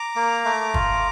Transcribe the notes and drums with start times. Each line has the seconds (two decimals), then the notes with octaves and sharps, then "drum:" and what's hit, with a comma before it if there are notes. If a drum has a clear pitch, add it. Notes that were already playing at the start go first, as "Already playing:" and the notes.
Already playing: A#5 D6
0.16 A#3
0.45 A3
0.74 F4, drum: kick